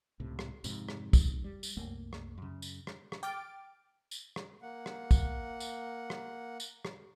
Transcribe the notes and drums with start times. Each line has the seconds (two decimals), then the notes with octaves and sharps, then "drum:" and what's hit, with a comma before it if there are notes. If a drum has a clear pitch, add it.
0.20 C#2 A2 C3
0.39 drum: rim click
0.64 F2 G#2 C3, drum: tambourine
0.89 drum: rim click
1.13 drum: kick, tambourine
1.44 G3
1.63 drum: tambourine
1.77 C2 F#2 A3 A#3
2.13 drum: rim click
2.38 F#2 C#3
2.62 drum: tambourine
2.87 drum: rim click
3.12 drum: rim click
3.23 G5 D6 F6 A6 D7
4.11 drum: tambourine
4.36 drum: rim click
4.62 A#3 F#5
4.86 drum: rim click
5.11 drum: kick, tambourine
5.60 drum: tambourine
6.10 drum: rim click
6.60 drum: tambourine
6.85 drum: rim click